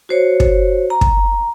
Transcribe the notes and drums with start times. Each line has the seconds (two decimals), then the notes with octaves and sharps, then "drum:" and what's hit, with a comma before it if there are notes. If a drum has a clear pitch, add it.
0.09 F#4 C5 C#5
0.40 drum: kick
0.90 A#5
1.01 drum: kick